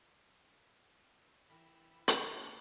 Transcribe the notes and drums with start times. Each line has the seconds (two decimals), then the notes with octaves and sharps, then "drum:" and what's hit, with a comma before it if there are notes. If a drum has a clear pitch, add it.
1.50 E3 E4 A#4 G5 B5 E7
2.08 drum: hi-hat